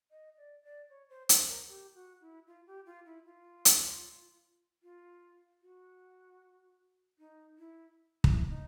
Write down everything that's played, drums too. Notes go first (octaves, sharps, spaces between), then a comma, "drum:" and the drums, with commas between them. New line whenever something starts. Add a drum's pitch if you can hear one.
D#5
D5
D5
C#5
C5
C5, drum: hi-hat
A#4
G4
F#4
E4
F4
G4
F4
E4
F4
drum: hi-hat
F4
F#4
D#4
E4
E4, drum: kick
D#4